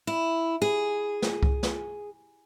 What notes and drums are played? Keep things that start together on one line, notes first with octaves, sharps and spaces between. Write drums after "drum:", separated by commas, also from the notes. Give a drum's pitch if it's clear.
E4
G#4
drum: snare
drum: kick C2
drum: snare